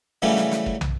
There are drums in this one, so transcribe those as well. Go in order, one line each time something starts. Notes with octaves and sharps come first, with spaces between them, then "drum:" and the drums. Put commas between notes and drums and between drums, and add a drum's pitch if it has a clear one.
C#3 E3 F#3 G3 A3 C#4
drum: snare
drum: snare
drum: kick
drum: tom